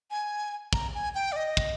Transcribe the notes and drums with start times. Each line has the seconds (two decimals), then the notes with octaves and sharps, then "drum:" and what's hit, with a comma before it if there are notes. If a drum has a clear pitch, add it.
0.11 G#5
0.73 A#5, drum: kick
0.94 G#5
1.15 G5
1.32 D5
1.36 D#5
1.57 drum: kick